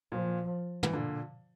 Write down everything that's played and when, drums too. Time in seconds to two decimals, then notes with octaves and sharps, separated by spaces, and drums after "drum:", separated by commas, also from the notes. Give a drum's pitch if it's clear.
0.12 A#2 F3
0.83 E3, drum: tom
0.93 A#2 D3